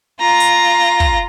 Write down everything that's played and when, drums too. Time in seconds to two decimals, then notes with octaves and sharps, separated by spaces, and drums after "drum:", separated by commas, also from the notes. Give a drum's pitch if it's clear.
0.20 F4 A#5
0.40 drum: hi-hat
1.00 drum: kick